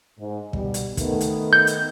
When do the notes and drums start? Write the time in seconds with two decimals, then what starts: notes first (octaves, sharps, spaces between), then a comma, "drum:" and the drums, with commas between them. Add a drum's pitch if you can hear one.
0.19 G#2
0.53 B2 G3, drum: kick
0.74 drum: hi-hat
0.97 D#3 A3 B3, drum: kick, hi-hat
1.21 drum: hi-hat
1.53 G6
1.67 drum: hi-hat